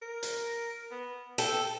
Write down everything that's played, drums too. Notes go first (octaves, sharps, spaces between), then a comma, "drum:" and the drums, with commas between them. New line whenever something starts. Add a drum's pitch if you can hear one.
A#4
drum: hi-hat
B3
A4 G5, drum: hi-hat